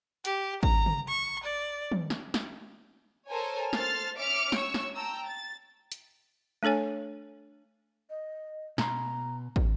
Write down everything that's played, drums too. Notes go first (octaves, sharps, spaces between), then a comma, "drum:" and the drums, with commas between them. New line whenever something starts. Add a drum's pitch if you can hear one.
G4, drum: hi-hat
A#5, drum: kick
drum: tom
C#6
D5
drum: tom
drum: snare
drum: snare
A4 A#4 C5 C#5 G#5
A4 C5 F6 A6 C7, drum: snare
C#4 E5 D6 F6 C#7 D7
C#5 C#6 E6, drum: snare
drum: snare
G5 A5 A#5 E6
A6
drum: hi-hat
A3 D4 A4 C#5 G#5
D#5
B2 A#5 C6, drum: snare
drum: kick